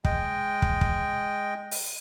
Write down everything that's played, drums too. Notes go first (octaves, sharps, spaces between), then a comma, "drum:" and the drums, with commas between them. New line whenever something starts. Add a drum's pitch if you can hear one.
G#3 D#5 G5, drum: kick
drum: kick
drum: kick
drum: open hi-hat